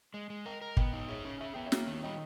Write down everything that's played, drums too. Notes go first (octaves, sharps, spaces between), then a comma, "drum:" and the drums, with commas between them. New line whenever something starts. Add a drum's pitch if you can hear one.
G#3 D#5
G#3
A#4 D#5 G5
A#4
B3 D#5 G5, drum: kick
D#4 D#5
G#4 C#5 E5
C#4
G#4 E5
B3 G5
C#5 E5
A#3, drum: snare
D#3
G3 D#5 G5